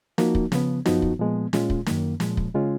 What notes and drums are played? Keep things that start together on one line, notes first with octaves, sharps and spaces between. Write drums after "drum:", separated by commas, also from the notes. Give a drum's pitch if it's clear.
F3 A#3 D#4 F#4, drum: snare
drum: kick
C#3 F3 B3, drum: snare
F#2 F3 B3 D#4 F#4, drum: snare
drum: kick
A#2 F3 G#3 B3
A#2 G#3 C#4 F4, drum: snare
drum: kick
F#2 D#3 A#3, drum: snare
A#2 F3 G#3, drum: snare
drum: kick
C#3 G#3 C#4 F4